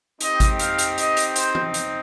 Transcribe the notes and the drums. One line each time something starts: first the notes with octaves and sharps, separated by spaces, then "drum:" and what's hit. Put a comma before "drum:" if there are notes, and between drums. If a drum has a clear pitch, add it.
C4 D#4 G4 D#5, drum: hi-hat
drum: kick G#1, hi-hat
F5, drum: hi-hat
drum: hi-hat
D#5, drum: hi-hat
drum: hi-hat
C5, drum: hi-hat
drum: tom
drum: hi-hat